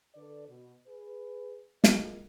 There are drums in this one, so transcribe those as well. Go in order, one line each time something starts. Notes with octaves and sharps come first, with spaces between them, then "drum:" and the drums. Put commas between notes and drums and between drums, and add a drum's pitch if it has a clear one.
D3 A4 B4 D5
B2
G#4 B4
G#3 A#3 F4 D#5, drum: snare